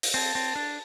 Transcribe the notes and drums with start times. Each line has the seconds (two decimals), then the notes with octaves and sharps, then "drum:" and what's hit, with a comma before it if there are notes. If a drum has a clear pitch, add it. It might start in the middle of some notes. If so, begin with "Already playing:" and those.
0.03 drum: open hi-hat
0.14 C4 A5
0.35 C4
0.56 D4